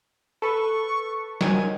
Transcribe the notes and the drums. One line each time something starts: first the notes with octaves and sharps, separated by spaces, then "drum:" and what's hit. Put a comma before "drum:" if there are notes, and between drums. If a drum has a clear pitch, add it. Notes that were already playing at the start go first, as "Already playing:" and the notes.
A4 B4 C#6
D#3 F#3 G#5, drum: snare